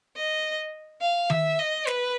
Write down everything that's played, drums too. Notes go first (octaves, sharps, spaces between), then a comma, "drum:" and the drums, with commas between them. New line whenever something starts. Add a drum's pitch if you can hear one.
D#5
F5
E5, drum: tom D#3
D#5
B4, drum: snare